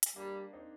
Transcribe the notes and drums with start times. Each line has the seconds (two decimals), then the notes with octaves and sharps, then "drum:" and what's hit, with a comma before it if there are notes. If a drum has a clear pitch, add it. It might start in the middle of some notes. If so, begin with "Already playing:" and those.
0.03 drum: hi-hat
0.16 G3 A#3 D4
0.53 C4 D#4